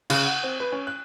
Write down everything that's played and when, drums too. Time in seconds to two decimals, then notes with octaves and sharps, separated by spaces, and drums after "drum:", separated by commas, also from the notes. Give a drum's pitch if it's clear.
0.10 C#3, drum: cymbal
0.25 F#5
0.43 C4
0.60 B4
0.72 C#4
0.87 F#6